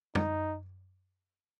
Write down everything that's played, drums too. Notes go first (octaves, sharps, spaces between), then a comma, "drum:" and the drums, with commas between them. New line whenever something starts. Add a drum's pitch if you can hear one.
D#4, drum: tom